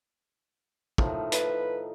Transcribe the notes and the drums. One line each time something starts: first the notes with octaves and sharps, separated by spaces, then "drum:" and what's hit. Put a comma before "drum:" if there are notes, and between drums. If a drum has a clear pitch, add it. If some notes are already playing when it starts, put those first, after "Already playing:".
A2 D#3 F3, drum: kick
B4, drum: hi-hat